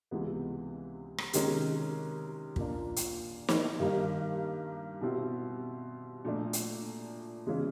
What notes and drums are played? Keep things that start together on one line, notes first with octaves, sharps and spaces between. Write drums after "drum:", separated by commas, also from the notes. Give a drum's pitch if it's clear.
C#2 C3 E3 G#3 B3
drum: rim click
C3 D#3 G#3 C#4, drum: hi-hat
A#2 F3 A#3 D4, drum: kick
drum: hi-hat
drum: snare
G2 D#3 G3 A#3 D#4
B2 G3 C4 E4
A#2 F3 A3 D4
drum: hi-hat
C#3 E3 G#3